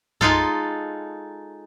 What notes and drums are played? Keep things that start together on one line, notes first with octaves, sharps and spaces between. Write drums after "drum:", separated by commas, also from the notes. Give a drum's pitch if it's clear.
G#3 D#4 F4 A4, drum: tom F#2